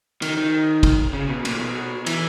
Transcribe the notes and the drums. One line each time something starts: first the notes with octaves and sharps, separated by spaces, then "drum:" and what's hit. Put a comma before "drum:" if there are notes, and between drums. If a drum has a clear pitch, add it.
D#3, drum: cymbal
D#3
drum: kick, cymbal
C#3
B2
A#2, drum: cymbal
B2
E3, drum: cymbal